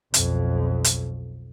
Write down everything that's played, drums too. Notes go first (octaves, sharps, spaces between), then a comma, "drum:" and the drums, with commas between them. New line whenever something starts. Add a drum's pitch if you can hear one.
B1 F2, drum: hi-hat
drum: hi-hat